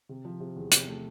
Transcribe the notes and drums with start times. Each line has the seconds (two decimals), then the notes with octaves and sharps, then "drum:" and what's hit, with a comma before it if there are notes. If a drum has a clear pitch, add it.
0.09 C3
0.25 F3
0.40 C3
0.56 E2
0.72 C3, drum: hi-hat
0.87 A3